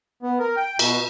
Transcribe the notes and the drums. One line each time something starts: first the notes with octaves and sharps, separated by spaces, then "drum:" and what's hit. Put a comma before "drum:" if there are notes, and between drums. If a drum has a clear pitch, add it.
B3
A#4
G5
B2, drum: cymbal